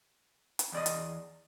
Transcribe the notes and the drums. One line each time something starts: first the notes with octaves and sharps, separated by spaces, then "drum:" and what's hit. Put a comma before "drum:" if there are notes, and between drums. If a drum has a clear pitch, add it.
drum: hi-hat
E2 D5 D#5
drum: hi-hat